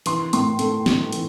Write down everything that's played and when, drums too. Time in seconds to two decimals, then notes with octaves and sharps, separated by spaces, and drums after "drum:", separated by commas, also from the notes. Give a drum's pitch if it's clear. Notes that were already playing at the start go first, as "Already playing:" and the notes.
0.06 E3 C6, drum: hi-hat
0.33 A2 C6, drum: hi-hat
0.59 A3, drum: hi-hat
0.86 A2, drum: snare
1.13 E3, drum: hi-hat